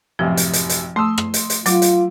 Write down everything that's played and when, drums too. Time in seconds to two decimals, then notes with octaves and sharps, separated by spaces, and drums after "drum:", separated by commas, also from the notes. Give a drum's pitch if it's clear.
0.19 A1 F#2 C3 F3
0.37 drum: hi-hat
0.53 drum: hi-hat
0.69 drum: hi-hat
0.96 A3 C6 D#6 E6
1.18 drum: rim click
1.34 drum: hi-hat
1.50 drum: hi-hat
1.66 F#3 F4 D6, drum: hi-hat
1.82 drum: hi-hat